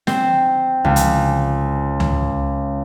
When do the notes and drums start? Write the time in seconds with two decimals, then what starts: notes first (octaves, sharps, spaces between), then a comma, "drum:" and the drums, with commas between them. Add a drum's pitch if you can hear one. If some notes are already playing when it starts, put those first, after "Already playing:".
0.07 C4, drum: snare
0.84 C#2
0.96 drum: hi-hat
2.00 drum: tom C#2